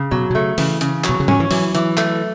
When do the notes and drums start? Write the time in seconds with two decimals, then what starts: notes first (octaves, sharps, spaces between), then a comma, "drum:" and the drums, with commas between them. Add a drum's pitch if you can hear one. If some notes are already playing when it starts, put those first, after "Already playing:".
Already playing: C#3
0.11 B2 F#3
0.30 B2
0.35 C#3 A3
0.58 C#3 E3, drum: open hi-hat
0.81 C#3, drum: hi-hat
1.04 F#3, drum: clap
1.09 B2
1.20 C#3
1.28 D#3 C#4, drum: tom G#2
1.40 E3
1.51 E3 F#3, drum: open hi-hat
1.75 E3, drum: hi-hat
1.97 A3, drum: clap